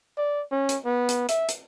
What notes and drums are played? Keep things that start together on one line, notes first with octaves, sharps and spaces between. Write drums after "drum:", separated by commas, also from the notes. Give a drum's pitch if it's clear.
D5
C#4
drum: hi-hat
B3
drum: hi-hat
E5, drum: hi-hat
drum: hi-hat